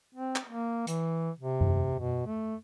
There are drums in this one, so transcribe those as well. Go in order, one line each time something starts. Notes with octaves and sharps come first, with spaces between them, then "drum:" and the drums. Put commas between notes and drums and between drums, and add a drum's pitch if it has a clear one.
C4
drum: clap
A#3
E3, drum: hi-hat
C3
drum: tom F#2
B2
A3